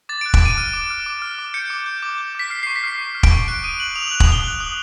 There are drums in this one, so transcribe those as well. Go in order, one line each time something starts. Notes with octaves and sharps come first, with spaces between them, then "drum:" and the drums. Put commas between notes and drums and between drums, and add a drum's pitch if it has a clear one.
D6 A6
D7
F#6
D7, drum: kick E1
D6 D#7
F6 D7
D6
F6
D6
F6
D6
G6 C#7
D6
G6
D6
G6
D6 B6
F6 C7
C#6 C7
B6
F6 C7
C#6
F6
D7, drum: kick E1
C#6
F#6 D7
D#6 D#7
F#6 F#7
D#6 F7
F#6 F#7
F#7, drum: kick E1
D#6 G7
F#6 F#7
D#6